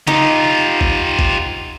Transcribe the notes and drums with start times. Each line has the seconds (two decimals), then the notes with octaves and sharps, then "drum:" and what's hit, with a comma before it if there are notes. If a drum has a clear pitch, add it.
0.07 D#4 F4 G4, drum: tom C#3
0.81 drum: kick
1.19 drum: kick